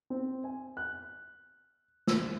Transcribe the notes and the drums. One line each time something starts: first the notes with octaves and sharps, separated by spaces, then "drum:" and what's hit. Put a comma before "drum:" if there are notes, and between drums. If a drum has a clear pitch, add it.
C4
G#5
F#6
E6, drum: snare